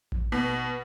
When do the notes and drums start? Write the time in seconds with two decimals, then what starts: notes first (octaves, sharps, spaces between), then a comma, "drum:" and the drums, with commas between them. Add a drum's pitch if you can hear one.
0.12 drum: kick A1
0.32 B2